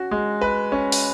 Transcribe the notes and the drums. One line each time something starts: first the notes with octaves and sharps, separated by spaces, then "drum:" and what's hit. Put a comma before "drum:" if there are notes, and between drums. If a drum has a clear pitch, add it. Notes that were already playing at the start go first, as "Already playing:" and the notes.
Already playing: C#4 F#4
G#3
B4
C#4
drum: open hi-hat